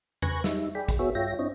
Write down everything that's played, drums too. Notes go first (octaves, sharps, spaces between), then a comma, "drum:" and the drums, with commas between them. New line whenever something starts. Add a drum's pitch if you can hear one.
B4 G#5 C#6 F#6 G#6 A#6, drum: tom E2
G3 D#4 E5, drum: snare
G#4 D5 G5 B5
drum: kick, hi-hat
B3 F#4 G#4 C#5 E5
G2 F4 C#5 E5 G5 A#6
C4 D4 E4 C#5 D#5